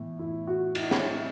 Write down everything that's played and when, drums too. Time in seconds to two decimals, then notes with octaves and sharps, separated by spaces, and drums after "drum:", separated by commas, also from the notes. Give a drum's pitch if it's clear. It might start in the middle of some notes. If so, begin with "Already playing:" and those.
Already playing: A2 E3 B3
0.19 E4
0.47 F#4
0.75 E4, drum: cymbal
0.91 drum: snare